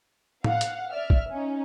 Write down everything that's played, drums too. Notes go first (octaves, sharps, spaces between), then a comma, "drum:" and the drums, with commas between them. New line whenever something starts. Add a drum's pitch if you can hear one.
F5 F#5, drum: tom A2
drum: hi-hat
D5 E5 F6
drum: kick
C#4 D#4